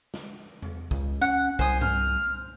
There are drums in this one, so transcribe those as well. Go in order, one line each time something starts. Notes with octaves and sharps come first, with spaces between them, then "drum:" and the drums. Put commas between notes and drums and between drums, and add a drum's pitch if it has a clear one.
drum: snare
drum: tom E2
C#2, drum: kick
C#4 F#5
C2 C5 G#5 D#6, drum: kick
F6, drum: tom G2